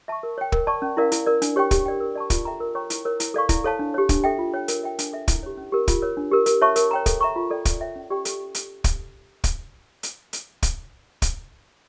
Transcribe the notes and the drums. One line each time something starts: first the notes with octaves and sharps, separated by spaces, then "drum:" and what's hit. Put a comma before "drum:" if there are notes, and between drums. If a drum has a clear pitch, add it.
E5 A5 C#6
A#4
C#5 G5
A#4, drum: kick
D5 A5 C#6
C#4
E4 A#4 D5 F5
E4, drum: hi-hat
A#4 D5
D4, drum: hi-hat
G4 C#5 G5 C#6
G4, drum: kick, hi-hat
A#4 D5 G5
A#4
D5 A5 C#6
F4, drum: kick, hi-hat
A4 E5 G5 A#5
A#4
C#5 G5 A#5 C#6
E4, drum: hi-hat
A#4 C#5
E4, drum: hi-hat
A4 D5 F5 C#6
E4, drum: kick, hi-hat
A4 C#5 F5 A5
D4
G4 C#5
D4, drum: kick, hi-hat
A4 E5 G5
F4
C#5 G5
A#4, drum: hi-hat
E5 G5
D4, drum: hi-hat
A4 E5
E4, drum: kick, hi-hat
G4 C#5
C#4
G4 A#4
F4, drum: kick, hi-hat
A#4 C#5
D4
G4 A#4
A#4, drum: hi-hat
C#5 E5 A5 C#6
A#4, drum: hi-hat
C#5 G5 A#5
A4, drum: kick, hi-hat
E5 A#5 C#6
F4
A4 D5 G5
A4, drum: kick, hi-hat
C#5 E5 G5
C#4
G4 D5 G5 C#6
A4, drum: hi-hat
drum: hi-hat
drum: kick, hi-hat
drum: kick, hi-hat
drum: hi-hat
drum: hi-hat
drum: kick, hi-hat
drum: kick, hi-hat